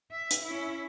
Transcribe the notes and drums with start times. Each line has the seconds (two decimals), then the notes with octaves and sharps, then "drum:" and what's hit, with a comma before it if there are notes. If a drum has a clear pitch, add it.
0.12 E5
0.31 drum: hi-hat
0.45 C#4 E4